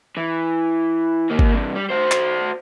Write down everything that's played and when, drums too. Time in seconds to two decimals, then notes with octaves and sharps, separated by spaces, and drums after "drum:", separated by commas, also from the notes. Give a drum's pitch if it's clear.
0.17 E3
1.30 D#3 A#3
1.39 drum: kick G#1
1.54 G2 C3
1.75 G3
1.90 F#4 C5
2.11 drum: clap